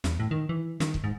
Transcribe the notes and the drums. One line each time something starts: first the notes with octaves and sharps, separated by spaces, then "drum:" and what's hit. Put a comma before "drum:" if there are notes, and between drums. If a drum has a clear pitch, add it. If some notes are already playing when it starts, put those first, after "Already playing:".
E2, drum: snare
A2
D#3
E3
D#3, drum: snare
drum: kick
G#2